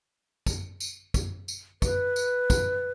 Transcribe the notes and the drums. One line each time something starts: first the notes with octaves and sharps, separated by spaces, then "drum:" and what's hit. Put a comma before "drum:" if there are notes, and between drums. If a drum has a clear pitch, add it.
drum: kick, tambourine
drum: tambourine
drum: kick, tambourine
drum: tambourine
B4, drum: kick, tambourine
drum: tambourine
drum: kick, tambourine